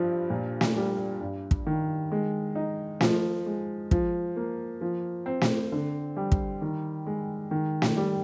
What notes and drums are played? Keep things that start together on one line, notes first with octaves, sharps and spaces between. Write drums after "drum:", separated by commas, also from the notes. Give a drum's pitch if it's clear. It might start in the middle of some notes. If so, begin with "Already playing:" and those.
Already playing: G2 F3
A#2
drum: snare
G3
G2
drum: kick
D#3
G#3
D#4
F3, drum: snare
G#3
F3, drum: kick
A#3
F3
C4
drum: snare
D3
G3
drum: kick
D#3
G#3
D#3
drum: snare
G3